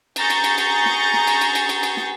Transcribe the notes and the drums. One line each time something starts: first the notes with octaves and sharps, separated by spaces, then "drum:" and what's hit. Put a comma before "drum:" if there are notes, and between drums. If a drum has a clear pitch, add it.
G#4 A#5 C#6 G6 A6, drum: cymbal
drum: cymbal
drum: cymbal
drum: cymbal
drum: snare
drum: snare
drum: cymbal
drum: cymbal
drum: cymbal
drum: cymbal
drum: cymbal
drum: snare